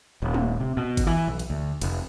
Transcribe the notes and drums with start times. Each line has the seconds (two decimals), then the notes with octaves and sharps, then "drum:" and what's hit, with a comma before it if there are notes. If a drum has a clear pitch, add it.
0.22 D#1
0.34 drum: tom
0.60 C3
0.77 B2
0.97 drum: kick, cymbal
1.07 E3
1.27 B1
1.39 drum: cymbal
1.50 D2
1.82 F1, drum: cymbal